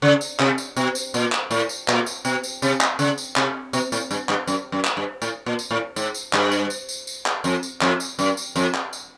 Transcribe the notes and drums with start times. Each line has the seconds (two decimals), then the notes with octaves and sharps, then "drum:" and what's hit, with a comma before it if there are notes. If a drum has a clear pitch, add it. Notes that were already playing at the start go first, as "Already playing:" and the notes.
0.02 C#3
0.21 drum: tambourine
0.40 C3, drum: clap
0.58 drum: tambourine
0.76 B2, drum: tambourine
0.95 drum: tambourine
1.14 A#2, drum: tambourine
1.32 drum: clap
1.51 A2, drum: tambourine
1.69 drum: tambourine
1.88 A#2, drum: clap
2.06 drum: tambourine
2.25 B2, drum: tambourine
2.43 drum: tambourine
2.62 C3, drum: tambourine
2.81 drum: clap
2.99 C#3, drum: tambourine
3.18 drum: tambourine
3.36 C3, drum: clap
3.73 B2, drum: tambourine
3.92 A2, drum: tambourine
4.11 G2, drum: tambourine
4.29 G2, drum: clap
4.47 F#2, drum: tambourine
4.72 F#2
4.85 drum: clap
4.97 G2
5.22 A2, drum: tambourine
5.46 A#2
5.59 drum: tambourine
5.71 A2
5.96 G#2, drum: tambourine
6.14 drum: tambourine
6.33 G2, drum: clap
6.52 drum: tambourine
6.70 drum: tambourine
6.89 drum: tambourine
7.07 drum: tambourine
7.26 drum: clap
7.44 F2, drum: tambourine
7.63 drum: tambourine
7.81 F2, drum: clap
8.00 drum: tambourine
8.19 F#2, drum: tambourine
8.37 drum: tambourine
8.56 F2, drum: tambourine
8.74 drum: clap
8.93 drum: tambourine